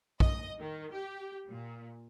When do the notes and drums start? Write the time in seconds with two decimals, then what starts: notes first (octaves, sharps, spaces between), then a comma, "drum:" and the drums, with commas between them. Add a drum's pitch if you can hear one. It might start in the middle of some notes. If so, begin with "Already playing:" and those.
0.20 D#5, drum: kick
0.59 D#3
0.92 G4
1.50 A#2